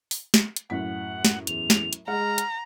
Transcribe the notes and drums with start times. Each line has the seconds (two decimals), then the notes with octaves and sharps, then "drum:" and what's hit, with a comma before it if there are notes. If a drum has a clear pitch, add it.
0.11 drum: open hi-hat
0.34 drum: snare
0.56 drum: hi-hat
0.70 F#2 A2 F#5 B6
1.25 drum: snare
1.47 E2 F7, drum: hi-hat
1.70 drum: snare
1.93 drum: hi-hat
2.08 G#3 F#5 A#5 F6
2.38 drum: hi-hat